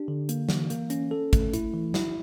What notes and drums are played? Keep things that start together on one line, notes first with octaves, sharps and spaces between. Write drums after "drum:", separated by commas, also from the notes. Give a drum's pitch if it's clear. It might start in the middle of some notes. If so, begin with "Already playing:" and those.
Already playing: D4 G4
D3
A#3, drum: hi-hat
E3, drum: snare
A#3, drum: hi-hat
C#4, drum: hi-hat
A4
A3, drum: kick, hi-hat
E4, drum: hi-hat
E3
E4, drum: snare